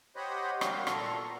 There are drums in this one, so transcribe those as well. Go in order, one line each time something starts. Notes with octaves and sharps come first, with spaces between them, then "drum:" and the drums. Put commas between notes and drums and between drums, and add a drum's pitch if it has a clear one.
G4 C5 C#5 D#5 F#5 B5
G3 C4 F#4 A#4 F5, drum: rim click
A#2 A4 A#5 C6 C#6, drum: rim click
B3